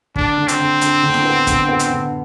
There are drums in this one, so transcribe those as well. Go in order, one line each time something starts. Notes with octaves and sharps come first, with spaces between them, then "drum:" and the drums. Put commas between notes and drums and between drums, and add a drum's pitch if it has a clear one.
D3 D4, drum: kick
D3
C4, drum: hi-hat
D3
D3, drum: hi-hat
D3
drum: snare E4
B3
D3, drum: kick, hi-hat
B3
drum: hi-hat
D3